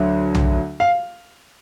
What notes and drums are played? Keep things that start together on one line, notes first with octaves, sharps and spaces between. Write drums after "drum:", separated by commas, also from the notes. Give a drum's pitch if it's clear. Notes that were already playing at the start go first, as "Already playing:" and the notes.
Already playing: D2 D3 F#3
drum: tom B1
F5